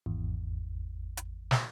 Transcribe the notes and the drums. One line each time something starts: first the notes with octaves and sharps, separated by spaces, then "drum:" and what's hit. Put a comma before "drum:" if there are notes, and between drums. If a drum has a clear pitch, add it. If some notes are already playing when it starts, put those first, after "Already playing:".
G#1 E2
drum: hi-hat
drum: snare